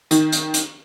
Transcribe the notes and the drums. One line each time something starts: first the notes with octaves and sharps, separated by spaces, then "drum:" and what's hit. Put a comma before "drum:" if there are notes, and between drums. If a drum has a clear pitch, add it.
D#3, drum: hi-hat
drum: hi-hat
drum: hi-hat